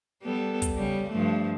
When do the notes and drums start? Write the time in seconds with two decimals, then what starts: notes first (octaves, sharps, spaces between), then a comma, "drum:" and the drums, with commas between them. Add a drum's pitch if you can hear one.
0.23 G3 B3 A4
0.62 drum: kick, hi-hat
0.77 C#3 G3
1.10 G2 F3 A3